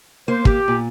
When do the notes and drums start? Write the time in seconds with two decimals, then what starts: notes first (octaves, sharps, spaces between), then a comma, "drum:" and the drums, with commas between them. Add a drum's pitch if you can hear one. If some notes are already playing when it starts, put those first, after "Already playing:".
0.28 A#3 C5
0.45 G4, drum: kick
0.68 A#2